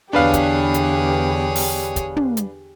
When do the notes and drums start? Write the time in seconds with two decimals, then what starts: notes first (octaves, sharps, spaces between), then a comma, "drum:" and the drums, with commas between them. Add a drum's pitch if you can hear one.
0.13 E2 D3 D4 G4 G#4 B4 C#5 F5
0.34 drum: kick, hi-hat
0.74 drum: hi-hat
1.56 drum: open hi-hat
1.96 drum: kick, hi-hat
2.16 drum: tom
2.37 drum: hi-hat